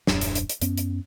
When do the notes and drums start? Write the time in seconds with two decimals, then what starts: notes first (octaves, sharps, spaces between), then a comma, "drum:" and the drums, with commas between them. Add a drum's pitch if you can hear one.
0.07 D#1 F#2 D4, drum: snare
0.21 drum: hi-hat
0.35 drum: hi-hat
0.49 drum: hi-hat
0.62 F#2 B3 C#4, drum: hi-hat
0.78 drum: hi-hat